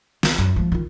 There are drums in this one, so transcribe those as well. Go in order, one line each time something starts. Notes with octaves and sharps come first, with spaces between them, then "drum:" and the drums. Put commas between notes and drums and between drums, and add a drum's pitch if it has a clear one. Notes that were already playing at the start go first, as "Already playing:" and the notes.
C2, drum: snare
F#2
F3 A3
D#3 F4